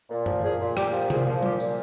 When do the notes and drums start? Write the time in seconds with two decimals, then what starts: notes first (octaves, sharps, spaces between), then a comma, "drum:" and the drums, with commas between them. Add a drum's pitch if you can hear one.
0.10 A#2
0.26 F3, drum: tom F#2
0.43 A#2 G#4
0.60 A#2
0.77 A#2 G4, drum: rim click
0.93 F3
1.10 A#2 G#4, drum: tom C3
1.27 F3
1.43 A#2 G4, drum: tom F#3
1.60 A#2, drum: tambourine